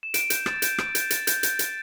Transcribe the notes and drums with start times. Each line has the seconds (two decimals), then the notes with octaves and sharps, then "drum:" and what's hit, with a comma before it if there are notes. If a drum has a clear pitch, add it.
0.03 E7
0.14 D7, drum: hi-hat
0.30 G6, drum: hi-hat
0.46 A6, drum: rim click
0.62 G6, drum: hi-hat
0.78 drum: rim click
0.95 G6, drum: hi-hat
1.10 A6, drum: hi-hat
1.27 G6, drum: hi-hat
1.43 G6, drum: hi-hat
1.59 drum: hi-hat